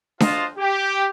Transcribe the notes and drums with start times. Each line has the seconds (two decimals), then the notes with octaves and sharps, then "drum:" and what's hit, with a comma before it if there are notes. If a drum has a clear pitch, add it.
0.20 F4 F#4 C5 D#5 F5 A5, drum: snare D4
0.58 G4